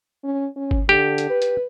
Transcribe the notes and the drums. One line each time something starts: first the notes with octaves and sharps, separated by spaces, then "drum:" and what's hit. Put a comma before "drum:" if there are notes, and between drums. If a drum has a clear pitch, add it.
C#4
C#4
drum: kick G1
D3 G4
drum: hi-hat
B4
drum: hi-hat